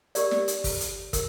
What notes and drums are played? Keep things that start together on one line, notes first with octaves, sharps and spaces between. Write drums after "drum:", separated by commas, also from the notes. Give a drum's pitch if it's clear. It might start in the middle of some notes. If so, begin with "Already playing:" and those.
G4 A#4 D5, drum: hi-hat
drum: snare
drum: hi-hat
drum: kick, open hi-hat
drum: hi-hat
A#4, drum: kick, hi-hat